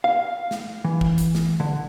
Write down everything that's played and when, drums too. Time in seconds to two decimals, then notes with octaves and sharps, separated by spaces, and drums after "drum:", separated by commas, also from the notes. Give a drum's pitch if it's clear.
0.04 F5
0.51 drum: snare
0.84 E3
1.01 drum: kick
1.18 drum: hi-hat
1.35 drum: snare
1.60 D3